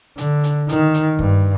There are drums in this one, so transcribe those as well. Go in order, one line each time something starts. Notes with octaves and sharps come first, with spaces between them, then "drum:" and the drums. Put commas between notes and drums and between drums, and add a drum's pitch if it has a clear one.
D3, drum: hi-hat
drum: hi-hat
D#3, drum: hi-hat
drum: hi-hat
G2, drum: kick